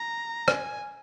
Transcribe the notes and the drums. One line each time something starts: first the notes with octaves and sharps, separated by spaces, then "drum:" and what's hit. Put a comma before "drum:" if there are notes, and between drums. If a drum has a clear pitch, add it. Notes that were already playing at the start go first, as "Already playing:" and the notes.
Already playing: A#5
G#5, drum: rim click